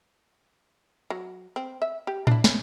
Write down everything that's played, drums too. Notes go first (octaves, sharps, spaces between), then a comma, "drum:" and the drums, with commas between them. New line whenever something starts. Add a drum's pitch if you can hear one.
F#3
C4
E5
G4
D4 E4, drum: tom A2
B3 C#4, drum: snare